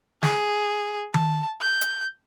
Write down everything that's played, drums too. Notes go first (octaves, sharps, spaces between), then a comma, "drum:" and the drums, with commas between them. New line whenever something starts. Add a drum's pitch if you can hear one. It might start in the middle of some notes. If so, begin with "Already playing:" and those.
G#4, drum: snare
A5, drum: tom D#3
G6
drum: hi-hat